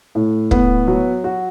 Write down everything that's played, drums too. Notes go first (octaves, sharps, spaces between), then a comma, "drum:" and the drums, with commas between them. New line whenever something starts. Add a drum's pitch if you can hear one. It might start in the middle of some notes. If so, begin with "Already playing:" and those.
A2
B3, drum: kick
F#3
F#4